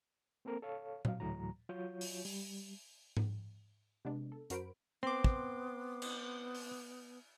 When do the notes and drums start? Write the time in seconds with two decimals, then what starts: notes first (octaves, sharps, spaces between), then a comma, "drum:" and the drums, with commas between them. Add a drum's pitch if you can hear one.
0.45 A#3 C4 A4 A#4
0.62 A4 C#5 F5
1.05 F#3 F5, drum: tom A#2
1.20 D2 A2 E3 F#3 A#5
1.69 F#3 F4 F#4 C#5 G6
2.01 drum: open hi-hat
2.25 G3, drum: open hi-hat
3.17 drum: tom G#2
4.05 C3 G#3 B3 D4
4.32 A4
4.50 F#2 F#4 A#4 C5 B5 D7, drum: hi-hat
5.03 B3 C4 C6 D6
5.24 drum: kick
6.02 drum: cymbal
6.55 drum: open hi-hat